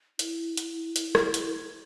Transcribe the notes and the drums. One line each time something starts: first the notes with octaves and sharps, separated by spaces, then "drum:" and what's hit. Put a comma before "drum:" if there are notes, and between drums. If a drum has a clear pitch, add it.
E4, drum: hi-hat
drum: hi-hat
drum: hi-hat
drum: rim click
drum: hi-hat